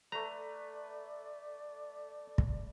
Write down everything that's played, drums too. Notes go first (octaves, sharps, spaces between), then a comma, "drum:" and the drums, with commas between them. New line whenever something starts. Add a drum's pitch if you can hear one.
A3 A4 B4 D5 A#5
drum: kick